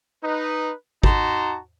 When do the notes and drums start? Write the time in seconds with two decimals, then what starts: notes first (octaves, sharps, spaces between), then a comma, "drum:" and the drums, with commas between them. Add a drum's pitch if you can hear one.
0.24 D#4 B4
1.03 D#4 F#4 A5 A#5 C6, drum: kick